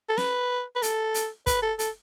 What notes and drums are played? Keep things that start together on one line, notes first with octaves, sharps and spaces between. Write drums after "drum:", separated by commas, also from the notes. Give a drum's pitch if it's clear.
A4
B4, drum: snare
B4
A4, drum: hi-hat
drum: hi-hat
B4, drum: kick, hi-hat
A4
A4, drum: hi-hat